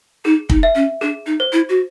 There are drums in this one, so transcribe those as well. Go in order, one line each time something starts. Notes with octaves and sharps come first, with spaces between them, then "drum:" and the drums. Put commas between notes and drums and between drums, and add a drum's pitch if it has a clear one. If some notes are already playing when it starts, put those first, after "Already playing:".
D#4 G#4
D#4, drum: kick
E5
C#4
D4 G#4
D#4
C5
E4
F#4